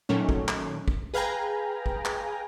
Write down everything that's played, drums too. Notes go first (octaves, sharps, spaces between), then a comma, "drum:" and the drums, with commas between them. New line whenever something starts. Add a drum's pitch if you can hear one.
A#2 D#3 F#3 A3 C#4
drum: kick
drum: clap
drum: kick
G#4 B4 F5 G5 G#5 A#5
drum: kick
drum: clap